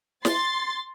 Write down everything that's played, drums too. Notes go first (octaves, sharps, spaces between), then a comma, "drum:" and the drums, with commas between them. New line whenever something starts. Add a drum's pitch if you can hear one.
C6 A6, drum: snare